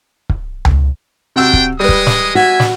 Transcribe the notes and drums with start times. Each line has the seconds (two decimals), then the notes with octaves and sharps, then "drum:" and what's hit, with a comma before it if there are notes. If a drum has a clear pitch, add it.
0.29 drum: kick
0.65 drum: tom C#2
1.36 C3 D4 F#4 G5 E6
1.53 drum: kick
1.80 G3 G#3 B4 D#5 D#6
1.89 drum: kick
2.07 drum: snare
2.35 F#4 E5 G#5
2.60 drum: snare